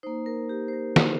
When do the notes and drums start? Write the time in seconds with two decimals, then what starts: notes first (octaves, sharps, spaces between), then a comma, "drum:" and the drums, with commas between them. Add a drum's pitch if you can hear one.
0.03 A#3 D#4 C5
0.26 A#4
0.49 G4
0.68 C5
0.73 A#4
0.96 C5, drum: snare